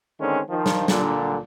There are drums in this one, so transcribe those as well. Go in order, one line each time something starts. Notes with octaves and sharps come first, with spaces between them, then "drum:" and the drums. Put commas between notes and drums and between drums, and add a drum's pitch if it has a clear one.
D3 D#3 G#3 C4 C#4
D#3 F3
drum: snare
A#2 D3, drum: snare